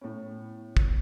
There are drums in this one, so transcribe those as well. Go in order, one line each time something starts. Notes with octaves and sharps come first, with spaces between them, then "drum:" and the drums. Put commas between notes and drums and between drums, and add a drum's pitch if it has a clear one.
A2 B3 C#4 E4
drum: kick